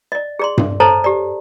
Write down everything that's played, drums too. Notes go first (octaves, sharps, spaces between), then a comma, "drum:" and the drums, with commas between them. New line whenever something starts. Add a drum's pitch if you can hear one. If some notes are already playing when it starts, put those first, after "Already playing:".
D5 D#5
G#4 D5 C6
drum: tom G2
A4 C5 C#5 D#5 A5 A#5
G4 D5